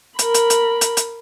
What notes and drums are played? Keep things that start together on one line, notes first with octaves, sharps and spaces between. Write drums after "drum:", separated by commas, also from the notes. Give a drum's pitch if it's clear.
A#4 B5, drum: hi-hat
drum: hi-hat
drum: hi-hat
drum: hi-hat
drum: hi-hat